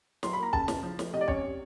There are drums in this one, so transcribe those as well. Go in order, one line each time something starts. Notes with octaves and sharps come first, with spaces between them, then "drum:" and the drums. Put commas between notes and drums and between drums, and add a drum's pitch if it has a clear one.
F#3 C6, drum: snare
B5
A#3 A#5
C#3 A5, drum: kick
C#3, drum: snare
F3
A3, drum: snare
C3 D#5
D5
C#4 C#5, drum: kick
C3